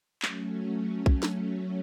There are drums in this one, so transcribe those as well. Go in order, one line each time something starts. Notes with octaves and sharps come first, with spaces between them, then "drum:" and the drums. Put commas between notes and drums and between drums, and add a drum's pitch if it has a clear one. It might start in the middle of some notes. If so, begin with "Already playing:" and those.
F#3 A3 C#4, drum: clap
drum: kick B1
drum: snare